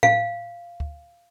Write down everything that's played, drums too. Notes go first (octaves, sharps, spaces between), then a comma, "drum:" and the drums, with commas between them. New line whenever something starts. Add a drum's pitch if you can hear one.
F5, drum: tom A2
drum: kick D2